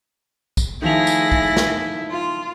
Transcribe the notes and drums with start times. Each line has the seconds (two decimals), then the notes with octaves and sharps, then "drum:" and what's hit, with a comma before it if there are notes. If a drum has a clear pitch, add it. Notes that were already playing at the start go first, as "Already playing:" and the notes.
0.57 drum: kick B1, tambourine
0.82 D#3 F3 A3 E4 G#4 A#6 F7
1.07 drum: tambourine
1.32 drum: kick B1
1.57 drum: snare
2.10 F4